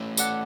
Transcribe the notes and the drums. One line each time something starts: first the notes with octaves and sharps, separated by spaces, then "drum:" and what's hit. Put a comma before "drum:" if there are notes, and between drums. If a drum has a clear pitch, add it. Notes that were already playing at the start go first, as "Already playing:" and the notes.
Already playing: A3 C#4
A4 D5 F#5, drum: tambourine